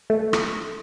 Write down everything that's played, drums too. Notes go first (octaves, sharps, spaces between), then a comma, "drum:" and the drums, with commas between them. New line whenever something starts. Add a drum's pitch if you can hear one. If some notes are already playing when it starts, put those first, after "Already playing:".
A3
drum: rim click